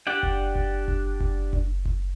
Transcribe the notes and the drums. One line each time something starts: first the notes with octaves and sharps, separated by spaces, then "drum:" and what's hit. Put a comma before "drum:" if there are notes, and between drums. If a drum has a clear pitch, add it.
D4 G4 D5 F#5 G5
drum: kick F#1
drum: kick F#1
drum: kick F#1
drum: kick F#1
drum: kick F#1
drum: kick F#1